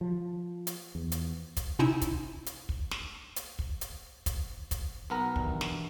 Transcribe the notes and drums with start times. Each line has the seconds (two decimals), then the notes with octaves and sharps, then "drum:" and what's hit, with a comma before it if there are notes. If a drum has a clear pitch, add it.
0.01 F3
0.67 drum: hi-hat
0.95 E2
1.12 drum: hi-hat
1.57 drum: kick, hi-hat
1.79 C3 C#4 D#4 E4 G#5 E6
2.01 drum: kick, hi-hat
2.46 drum: hi-hat
2.69 drum: kick
2.91 drum: snare
3.36 drum: hi-hat
3.59 drum: kick
3.81 drum: hi-hat
4.26 drum: kick, hi-hat
4.71 drum: kick, hi-hat
5.10 B1 B3 A#4
5.36 G2 D#3 E3, drum: kick
5.61 drum: snare